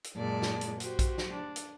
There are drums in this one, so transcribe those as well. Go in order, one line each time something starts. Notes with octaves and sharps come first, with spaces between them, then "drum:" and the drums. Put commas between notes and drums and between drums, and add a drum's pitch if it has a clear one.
drum: hi-hat
F#2 A#2 G#3 D5 A5
drum: snare
drum: hi-hat
F#4 G4 C5, drum: hi-hat
drum: kick A#1, hi-hat
drum: snare
D4
drum: hi-hat